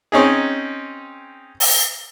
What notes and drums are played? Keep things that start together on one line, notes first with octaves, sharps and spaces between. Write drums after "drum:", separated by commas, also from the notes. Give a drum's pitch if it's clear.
C4 C#4 D#4 G#4
drum: open hi-hat